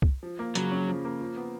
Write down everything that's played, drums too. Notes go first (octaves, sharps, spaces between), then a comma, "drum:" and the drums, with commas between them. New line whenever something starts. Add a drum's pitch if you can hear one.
drum: kick C2
F3
A#3
C#3 F#3, drum: hi-hat
C#4
F3
A#3
F3
B3